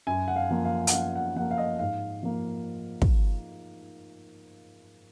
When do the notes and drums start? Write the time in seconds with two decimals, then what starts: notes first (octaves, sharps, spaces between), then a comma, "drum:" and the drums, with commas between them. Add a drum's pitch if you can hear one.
0.07 F#2 G#5
0.28 F#5
0.36 F5
0.50 F3 A#3
0.65 F5
0.87 F#5, drum: hi-hat
0.93 F#2 F5
1.15 F#5
1.36 F3 A#3 F#5
1.51 F5
1.58 D#5
1.79 G#2 F5
2.23 F3 A#3
3.02 drum: kick